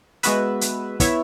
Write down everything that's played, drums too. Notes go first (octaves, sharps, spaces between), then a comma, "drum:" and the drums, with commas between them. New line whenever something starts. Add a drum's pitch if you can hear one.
G#3 B3 F#4 B4 E5, drum: hi-hat
drum: hi-hat
B3 E4 C#5 E5, drum: kick, hi-hat